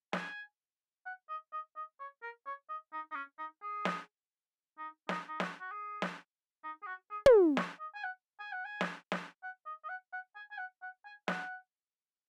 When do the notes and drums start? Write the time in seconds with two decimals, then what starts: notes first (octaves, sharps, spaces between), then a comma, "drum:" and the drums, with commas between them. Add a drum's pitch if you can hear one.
0.13 G#5, drum: snare
1.06 F#5
1.29 D#5
1.52 D#5
1.76 D#5
2.00 C#5
2.23 A#4
2.46 C#5
2.69 D#5
2.93 D#4
3.11 D#4
3.15 C#4
3.38 D#4
3.62 G#4
3.85 drum: snare
4.78 D#4
5.09 D#4, drum: snare
5.28 D#4
5.40 F#4, drum: snare
5.60 F#4
5.72 G#4
6.02 drum: snare
6.64 D#4
6.83 G#4
6.87 F#4
7.11 G#4
7.26 drum: tom
7.57 C#5, drum: snare
7.80 D#5
7.95 G#5
8.04 F#5
8.40 G#5
8.52 F#5
8.65 G#5
8.81 drum: snare
9.12 drum: snare
9.43 F#5
9.66 D#5
9.84 D#5
9.89 F#5
10.13 F#5
10.36 G#5
10.52 G#5
10.58 F#5
10.82 F#5
11.05 G#5
11.28 F#5, drum: snare